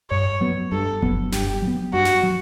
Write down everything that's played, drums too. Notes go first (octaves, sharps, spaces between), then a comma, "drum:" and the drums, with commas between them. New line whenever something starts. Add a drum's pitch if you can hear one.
G2 C#5
F#3 B3
G2 A4
F#3 B3, drum: kick F#1
G2 G4, drum: snare
F#3
B3
G2 F#4
drum: snare
F#3